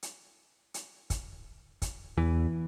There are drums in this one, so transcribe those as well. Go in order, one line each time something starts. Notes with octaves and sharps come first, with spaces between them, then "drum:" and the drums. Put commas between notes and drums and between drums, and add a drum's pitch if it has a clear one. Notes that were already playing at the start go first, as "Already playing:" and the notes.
drum: hi-hat
drum: hi-hat
drum: kick, hi-hat
drum: kick, hi-hat
E2 E3